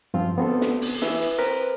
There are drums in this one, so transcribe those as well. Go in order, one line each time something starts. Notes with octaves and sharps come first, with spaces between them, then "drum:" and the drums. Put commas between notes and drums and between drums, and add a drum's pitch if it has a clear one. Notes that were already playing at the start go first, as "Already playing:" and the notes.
G2 F3 C4 F4
D2 B3 C4 A4
drum: snare
drum: open hi-hat
E3 E5, drum: snare
drum: hi-hat
C4 A#4 B4 B5